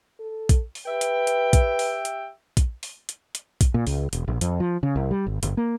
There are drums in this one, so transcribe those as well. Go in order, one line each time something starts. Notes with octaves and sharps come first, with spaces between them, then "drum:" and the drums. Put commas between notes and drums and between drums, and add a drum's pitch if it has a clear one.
A4
drum: kick A#1, hi-hat
drum: open hi-hat
G4 B4 E5 G5
drum: hi-hat
drum: hi-hat
drum: kick A#1, hi-hat
drum: open hi-hat
drum: hi-hat
drum: kick A#1, hi-hat
drum: open hi-hat
drum: hi-hat
drum: hi-hat
drum: kick A#1, hi-hat
A#2
C#2, drum: open hi-hat
E1, drum: hi-hat
A#1
F2, drum: hi-hat
F3
C#3
C2
G3
G#1
G1, drum: hi-hat
A#3